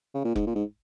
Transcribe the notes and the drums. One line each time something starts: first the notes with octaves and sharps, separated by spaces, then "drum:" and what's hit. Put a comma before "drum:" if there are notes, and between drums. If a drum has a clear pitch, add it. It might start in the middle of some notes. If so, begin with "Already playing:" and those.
C#3
A#2
G#2, drum: kick F1
A#2
G#2